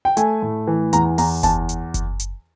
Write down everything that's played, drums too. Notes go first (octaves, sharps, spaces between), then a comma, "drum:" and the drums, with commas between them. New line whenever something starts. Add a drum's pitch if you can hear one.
G5
A3 G#5, drum: hi-hat
A2
E3
E2 A#5, drum: hi-hat
E2 A#5, drum: open hi-hat
E2 A5, drum: kick F#1, hi-hat
drum: hi-hat
drum: kick F#1, hi-hat
drum: hi-hat